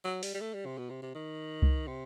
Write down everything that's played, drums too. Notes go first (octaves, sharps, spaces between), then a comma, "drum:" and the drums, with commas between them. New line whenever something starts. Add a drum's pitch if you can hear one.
F#3
G3, drum: open hi-hat
G3
A3
G3
C3
B2
C3
C3
D#3
drum: kick C2
C3